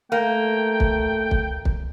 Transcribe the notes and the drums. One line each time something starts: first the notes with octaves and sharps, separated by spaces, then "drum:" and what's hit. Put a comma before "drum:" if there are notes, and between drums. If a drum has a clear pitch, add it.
A3 A#3 G5
drum: kick
drum: kick
drum: kick